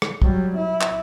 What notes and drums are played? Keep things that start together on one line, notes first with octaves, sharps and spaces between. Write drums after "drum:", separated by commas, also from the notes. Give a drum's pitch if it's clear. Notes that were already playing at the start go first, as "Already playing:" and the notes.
drum: rim click
F#3 G3, drum: kick
E4
drum: clap